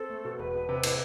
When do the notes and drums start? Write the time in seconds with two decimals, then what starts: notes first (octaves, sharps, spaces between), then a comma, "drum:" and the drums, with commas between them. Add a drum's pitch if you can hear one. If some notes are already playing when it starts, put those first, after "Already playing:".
Already playing: C4 A4
0.10 A3
0.25 B2
0.39 E1 B4
0.55 E1
0.69 C3
0.84 A2, drum: cymbal